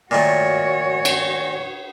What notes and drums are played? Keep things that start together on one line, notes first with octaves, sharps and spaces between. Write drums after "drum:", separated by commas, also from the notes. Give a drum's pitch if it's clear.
A#2 D#3 A3 F#4 C#5
drum: cymbal